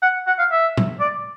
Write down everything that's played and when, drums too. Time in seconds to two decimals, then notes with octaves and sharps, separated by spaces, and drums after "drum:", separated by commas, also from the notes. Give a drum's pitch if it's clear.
0.02 F#5
0.27 F#5
0.39 F5
0.52 E5
0.77 drum: tom
1.00 D5